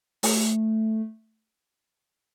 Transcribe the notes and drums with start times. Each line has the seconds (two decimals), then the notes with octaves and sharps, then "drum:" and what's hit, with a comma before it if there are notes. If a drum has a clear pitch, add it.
0.23 A3, drum: open hi-hat